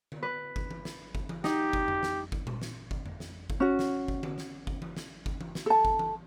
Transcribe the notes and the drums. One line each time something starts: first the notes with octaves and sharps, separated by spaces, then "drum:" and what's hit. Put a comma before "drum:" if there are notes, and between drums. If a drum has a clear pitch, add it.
drum: tom D3
B4
drum: kick G1
drum: tom E3
drum: snare
drum: kick G1
drum: tom E3
D#4 G4, drum: snare
drum: kick G1
drum: tom F2
drum: snare
drum: kick G1
drum: tom A#2
drum: snare
drum: kick G1
drum: tom F2
drum: snare
drum: kick G1
C#4 F#4
drum: snare
drum: kick G1
drum: tom D3
drum: snare
drum: kick G1
drum: tom E3
drum: snare
drum: kick G1
drum: tom E3
drum: snare
A4 A5
drum: kick G1
drum: tom E3